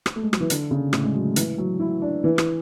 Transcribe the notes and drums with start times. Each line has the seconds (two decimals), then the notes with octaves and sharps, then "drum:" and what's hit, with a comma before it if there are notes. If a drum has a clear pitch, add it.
0.06 drum: rim click
0.16 A3
0.23 G#3
0.33 F#3, drum: rim click
0.40 E3
0.50 D3, drum: hi-hat
0.71 C#3
0.93 A2, drum: rim click
1.04 G#3
1.14 F#3
1.36 E3, drum: hi-hat
1.58 F#3
1.80 E4
2.02 D4
2.24 E3
2.38 drum: rim click